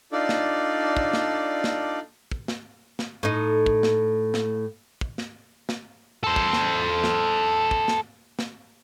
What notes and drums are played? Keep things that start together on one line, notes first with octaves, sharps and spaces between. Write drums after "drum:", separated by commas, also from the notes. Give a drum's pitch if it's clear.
D4 D#4 F4 A4 D5
drum: snare
drum: kick
drum: snare
drum: snare
drum: kick
drum: snare
drum: snare
A2 D#4
drum: kick
drum: snare
drum: snare
drum: kick
drum: snare
drum: snare
A4 C5
drum: kick
drum: snare
drum: snare
drum: kick
drum: snare
drum: snare